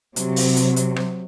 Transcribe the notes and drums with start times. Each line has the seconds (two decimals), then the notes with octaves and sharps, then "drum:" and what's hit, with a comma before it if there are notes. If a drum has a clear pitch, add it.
0.16 C3 F#3, drum: hi-hat
0.36 drum: open hi-hat
0.56 drum: hi-hat
0.76 drum: hi-hat
0.96 drum: rim click